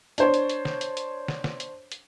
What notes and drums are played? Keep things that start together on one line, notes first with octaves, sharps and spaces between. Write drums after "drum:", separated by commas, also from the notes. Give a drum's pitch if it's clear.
D4 C5 C#5, drum: hi-hat
drum: hi-hat
drum: hi-hat
drum: snare
drum: hi-hat
drum: hi-hat
drum: snare
drum: snare
drum: hi-hat
drum: hi-hat